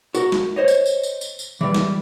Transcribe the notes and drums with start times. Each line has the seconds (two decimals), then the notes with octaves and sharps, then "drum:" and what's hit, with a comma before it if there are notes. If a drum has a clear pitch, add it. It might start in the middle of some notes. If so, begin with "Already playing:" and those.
0.15 F#4 A#4, drum: tambourine
0.32 drum: snare
0.56 C5 C#5 D#5
0.68 drum: tambourine
0.86 drum: tambourine
1.03 drum: tambourine
1.21 drum: tambourine
1.39 drum: tambourine
1.61 E3 G3
1.74 drum: snare